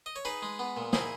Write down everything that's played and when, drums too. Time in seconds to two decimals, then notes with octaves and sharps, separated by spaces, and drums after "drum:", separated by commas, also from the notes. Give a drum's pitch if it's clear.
0.06 D#5
0.16 C#5
0.25 D#4 G#4 B4
0.42 G#3
0.59 B3
0.77 A#2
0.93 D#4 E4 G#4, drum: snare